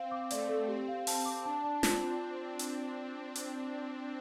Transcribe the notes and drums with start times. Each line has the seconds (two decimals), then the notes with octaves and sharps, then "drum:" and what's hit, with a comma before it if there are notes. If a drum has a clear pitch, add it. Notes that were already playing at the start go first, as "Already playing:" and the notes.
Already playing: C4 F5
0.11 D6
0.31 A3 D5, drum: hi-hat
0.49 A4
0.68 C4 G4
0.88 F5
1.07 C4 A5, drum: open hi-hat
1.26 D6
1.45 D4 A5
1.64 A5
1.83 C4 F4, drum: snare
2.02 F4
2.59 drum: hi-hat
3.35 drum: hi-hat